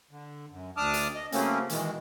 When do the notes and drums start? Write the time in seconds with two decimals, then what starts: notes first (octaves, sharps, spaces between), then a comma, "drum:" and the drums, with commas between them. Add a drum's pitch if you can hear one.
0.11 D3
0.51 F#2
0.77 D2 D4 A5 D6 D#6 F6
0.94 drum: hi-hat
1.15 D#5
1.32 C#3 F#3 A3 A#3 C4 C#4, drum: hi-hat
1.69 B2 D#3 E3 G#3, drum: hi-hat